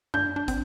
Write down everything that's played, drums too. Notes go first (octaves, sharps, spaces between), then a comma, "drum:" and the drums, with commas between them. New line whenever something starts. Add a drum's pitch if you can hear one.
D4 G6, drum: tom F#2
D4
C4, drum: kick, hi-hat